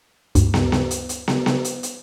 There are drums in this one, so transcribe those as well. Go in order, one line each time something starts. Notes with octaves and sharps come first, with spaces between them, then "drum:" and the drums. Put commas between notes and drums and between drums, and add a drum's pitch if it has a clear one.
D2 G2, drum: hi-hat
drum: snare
drum: snare
drum: hi-hat
drum: hi-hat
drum: snare
drum: snare
drum: hi-hat
drum: hi-hat